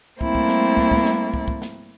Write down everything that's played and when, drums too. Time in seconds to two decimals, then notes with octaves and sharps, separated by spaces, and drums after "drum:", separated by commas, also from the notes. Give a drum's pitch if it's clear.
0.21 G3 A3 A#3 C4 E4, drum: kick
0.35 drum: kick
0.49 drum: snare
0.77 drum: kick
0.91 drum: kick
1.05 drum: snare
1.34 drum: kick
1.48 drum: kick
1.62 drum: snare